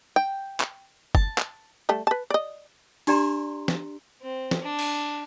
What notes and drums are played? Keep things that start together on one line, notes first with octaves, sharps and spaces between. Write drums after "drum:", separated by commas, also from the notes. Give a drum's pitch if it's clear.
G5
drum: clap
A5, drum: kick F#1
drum: clap
G3 A3 A5
B4 A5
D5 D#5
D4 G4 D5 A#5 C6, drum: open hi-hat
drum: snare
C4
drum: snare
D4
drum: cymbal